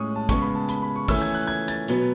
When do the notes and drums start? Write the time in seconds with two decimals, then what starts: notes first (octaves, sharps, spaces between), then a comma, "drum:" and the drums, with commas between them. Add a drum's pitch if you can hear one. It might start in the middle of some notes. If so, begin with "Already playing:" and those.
Already playing: A2 G#3 C#4 C#6 D#6
0.16 A5
0.29 C#3 G#3 B3 C#6, drum: kick, hi-hat
0.42 B5
0.55 A5
0.69 B5, drum: hi-hat
0.82 B5
0.96 C#6
1.08 E3 A3 C#4 E6, drum: kick, open hi-hat
1.22 G#6
1.35 F#6
1.47 G#6
1.68 A6, drum: hi-hat
1.88 B2 F#3 B3, drum: hi-hat